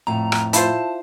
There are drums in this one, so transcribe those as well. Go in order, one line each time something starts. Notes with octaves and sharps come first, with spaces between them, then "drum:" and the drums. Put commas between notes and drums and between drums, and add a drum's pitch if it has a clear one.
F2 A2 A#5
drum: rim click
E4 F4 C5 A5, drum: hi-hat